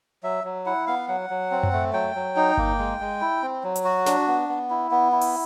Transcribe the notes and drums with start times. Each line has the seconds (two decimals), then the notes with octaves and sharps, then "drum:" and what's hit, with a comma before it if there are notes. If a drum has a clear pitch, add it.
0.23 F#3 E5
0.44 F#3
0.66 E4 F#5
0.87 B3 F5
1.08 F#3 F#5
1.30 F#3
1.51 C4
1.63 drum: tom F#2
1.73 A3
1.93 F#3 G5
2.15 F#3
2.36 D#4
2.57 A#3, drum: kick G1
2.78 G#3
3.00 G#3
3.21 E4
3.42 C4
3.64 F#3
3.76 drum: hi-hat
3.85 F#4
4.06 D4, drum: snare
4.27 B3
4.49 B3
4.70 E4
4.91 B3
5.12 E4
5.21 drum: open hi-hat